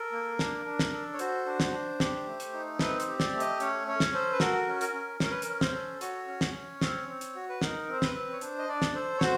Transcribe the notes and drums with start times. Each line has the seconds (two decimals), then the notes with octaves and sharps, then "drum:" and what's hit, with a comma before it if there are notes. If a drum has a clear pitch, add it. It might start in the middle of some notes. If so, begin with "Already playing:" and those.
Already playing: A4 A#4
0.12 A#3
0.39 D4, drum: snare
0.66 D4
0.79 drum: snare
0.93 A4
1.13 C#5
1.19 F#4 C5, drum: hi-hat
1.46 D4
1.60 drum: snare
1.72 D4
2.00 G4, drum: snare
2.26 A3
2.40 drum: hi-hat
2.53 D#4
2.79 C4 B4, drum: snare
3.00 C5, drum: hi-hat
3.07 G4
3.20 D5, drum: snare
3.34 A3
3.40 D#5, drum: hi-hat
3.60 C#4 C#5, drum: hi-hat
3.87 C#4 C#5
4.00 drum: snare
4.14 A4 C5
4.32 B4
4.40 F#4 A#4, drum: snare
4.67 C#4
4.81 A#4, drum: hi-hat
4.94 C#4
5.20 C#4 A#4, drum: snare
5.31 B4
5.42 A#4, drum: hi-hat
5.47 C#4
5.61 C5, drum: snare
5.74 A4
6.01 F#4 C#5, drum: hi-hat
6.28 C#4
6.41 drum: snare
6.55 C#4
6.81 C4, drum: snare
7.08 C4
7.21 drum: hi-hat
7.35 F#4
7.49 B4
7.62 D#4 A#4, drum: snare
7.88 C4 C5
8.02 B4, drum: snare
8.14 C4
8.32 C#5
8.41 D4 C5, drum: hi-hat
8.58 D#5
8.68 D4 D5
8.82 drum: snare
8.94 A4 C5
9.18 C#5
9.21 F#4 C5, drum: snare